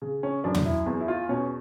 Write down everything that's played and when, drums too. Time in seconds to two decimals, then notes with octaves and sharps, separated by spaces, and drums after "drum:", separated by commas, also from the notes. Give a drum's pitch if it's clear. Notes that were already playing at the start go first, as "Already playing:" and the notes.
0.02 C#3
0.23 C#4
0.44 F#2 D4
0.55 drum: tom
0.65 E4
0.86 E2
1.01 E4
1.08 F4
1.29 B2 C#4